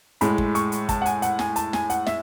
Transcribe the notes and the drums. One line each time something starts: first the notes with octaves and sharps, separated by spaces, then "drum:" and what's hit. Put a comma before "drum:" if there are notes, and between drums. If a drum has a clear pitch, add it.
A2 G#3 B5, drum: hi-hat
drum: kick
C#6, drum: hi-hat
drum: hi-hat
A5, drum: kick, hi-hat
F#5
G#5, drum: hi-hat
F#5, drum: hi-hat
G#5, drum: snare
A5, drum: hi-hat
G#5, drum: snare
F#5, drum: hi-hat
E5, drum: snare